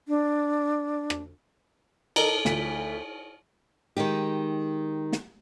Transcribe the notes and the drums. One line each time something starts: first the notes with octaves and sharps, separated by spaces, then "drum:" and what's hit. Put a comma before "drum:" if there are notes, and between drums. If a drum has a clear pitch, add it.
D4
drum: rim click
A4 A#4 D#5 A#5, drum: cymbal
D2 F4 B6, drum: snare
D#3 G#3 D#4 G4
drum: snare